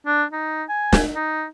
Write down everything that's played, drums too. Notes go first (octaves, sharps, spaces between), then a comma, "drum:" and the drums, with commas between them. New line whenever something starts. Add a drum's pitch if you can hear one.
D4
D#4
G#5
drum: snare
D#4